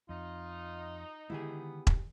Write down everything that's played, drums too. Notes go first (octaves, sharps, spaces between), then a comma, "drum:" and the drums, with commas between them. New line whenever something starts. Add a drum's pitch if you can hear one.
F2 D#4 F4
D3 D#3 G#3 B3 E4 G4 G#4
drum: kick E1